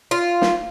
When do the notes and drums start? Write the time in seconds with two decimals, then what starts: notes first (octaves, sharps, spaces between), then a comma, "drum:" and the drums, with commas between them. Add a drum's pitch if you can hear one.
0.11 F4
0.42 drum: snare